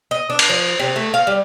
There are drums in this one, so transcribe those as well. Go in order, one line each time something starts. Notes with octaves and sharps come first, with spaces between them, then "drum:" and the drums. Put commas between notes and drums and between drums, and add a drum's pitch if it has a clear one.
D#5
D4
drum: cymbal
F3
C3
A3
F5
G3